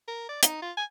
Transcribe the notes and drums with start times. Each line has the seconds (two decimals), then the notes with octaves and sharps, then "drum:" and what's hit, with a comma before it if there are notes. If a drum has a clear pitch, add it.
0.08 A#4
0.29 D5
0.43 D#4, drum: hi-hat
0.62 F4
0.77 G#5